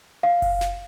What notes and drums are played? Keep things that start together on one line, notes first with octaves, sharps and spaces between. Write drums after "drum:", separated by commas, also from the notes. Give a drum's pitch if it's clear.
F5
drum: kick F#1, open hi-hat
drum: snare